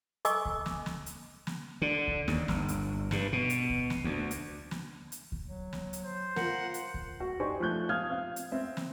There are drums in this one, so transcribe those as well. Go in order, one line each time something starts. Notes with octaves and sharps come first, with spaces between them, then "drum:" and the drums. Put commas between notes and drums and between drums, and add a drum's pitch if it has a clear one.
A4 D#5 G#5 C#6 D6 E6, drum: hi-hat
drum: kick D2
drum: snare
drum: snare
drum: hi-hat
drum: snare
D3
drum: kick D2
D#2, drum: snare
G1, drum: snare
drum: hi-hat
G2, drum: snare
B2
drum: hi-hat
drum: kick D2
drum: snare
D2
drum: hi-hat
drum: snare
drum: hi-hat
drum: kick D2
F#3
drum: snare
drum: hi-hat
C5
F4 A#4 F#5, drum: snare
drum: hi-hat
drum: kick D2
F#4
D4 D#4 G4 C5 G#5 C#6
F3 A3 F#6 G6
F5 D#6 F6 G#6
C4 F5
drum: hi-hat
C4 E5
drum: snare